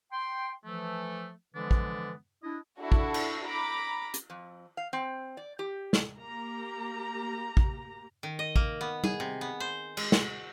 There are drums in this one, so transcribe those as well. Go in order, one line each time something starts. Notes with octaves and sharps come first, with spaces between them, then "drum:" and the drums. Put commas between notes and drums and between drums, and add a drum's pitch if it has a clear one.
G5 C6
E3 F3 A3
D3 E3 F3 G#3 B3 D4
drum: kick
D4 E4 D#5
D4 E4 F#4 A4
drum: kick
drum: cymbal
A#5 B5 D6
drum: hi-hat
F2
F5
C4
D5
G4
drum: snare
A#3 G4 A#5
drum: kick
D#3
D#5
A#3, drum: kick
B3
G#4, drum: tom G3
C3
B3
C5
G#3, drum: cymbal
F#4, drum: snare